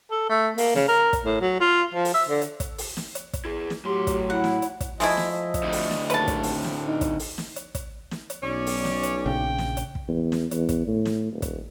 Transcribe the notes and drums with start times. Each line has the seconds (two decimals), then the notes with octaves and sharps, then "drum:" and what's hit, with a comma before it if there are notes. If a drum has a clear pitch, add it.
0.11 A4
0.30 A3
0.58 A#3, drum: open hi-hat
0.76 C#3, drum: snare
0.88 A#4
1.13 drum: kick, hi-hat
1.25 A2
1.41 F#3
1.60 F4
1.95 F3
2.05 drum: open hi-hat
2.14 E5
2.29 D3
2.42 drum: hi-hat
2.60 drum: kick, hi-hat
2.78 drum: open hi-hat
2.97 drum: snare
3.15 drum: hi-hat
3.33 drum: kick, hi-hat
3.45 E4 G#4
3.70 drum: snare
3.85 A2 F#3 G4 C6
4.07 drum: kick, hi-hat
4.30 E4 F#5
4.44 drum: snare
4.62 drum: hi-hat
4.80 drum: kick, hi-hat
5.00 F3 G#3 A3 E4 D#5, drum: open hi-hat
5.17 drum: snare
5.31 D#5
5.54 drum: kick, hi-hat
5.63 D2 A2
5.72 drum: open hi-hat
5.91 drum: snare
6.10 D#2 B4 A5, drum: hi-hat
6.28 drum: kick, hi-hat
6.43 C4, drum: open hi-hat
6.64 drum: snare
6.86 D#4
7.01 drum: kick, hi-hat
7.19 drum: open hi-hat
7.38 drum: snare
7.56 drum: hi-hat
7.75 drum: kick, hi-hat
8.11 drum: snare
8.30 drum: hi-hat
8.42 B1 C#4 D5
8.66 drum: open hi-hat
8.85 drum: snare
9.03 drum: hi-hat
9.26 A#1 C#3 G5
9.58 drum: snare
9.77 drum: hi-hat
9.95 drum: kick
10.08 E2
10.32 drum: snare
10.51 E2, drum: hi-hat
10.69 drum: kick, hi-hat
10.87 A2
11.05 drum: snare
11.32 D#1
11.42 drum: kick, hi-hat